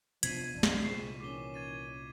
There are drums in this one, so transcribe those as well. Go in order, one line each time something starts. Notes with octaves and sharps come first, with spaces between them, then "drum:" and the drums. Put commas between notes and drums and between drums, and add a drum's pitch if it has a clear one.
C3 F3 B3 D4 G#6 B6 C7 D#7, drum: hi-hat
A#1 F2 D4
drum: snare
C2 A#2 G#3 C4 C#6 C7 E7
D#3 E3 C#4 D6 G7
G#6 A6 D#7